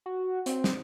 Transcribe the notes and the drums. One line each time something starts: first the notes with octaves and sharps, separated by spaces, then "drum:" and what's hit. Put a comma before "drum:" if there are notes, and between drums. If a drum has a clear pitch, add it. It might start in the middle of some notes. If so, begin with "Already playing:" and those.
F#4
C4, drum: hi-hat
drum: snare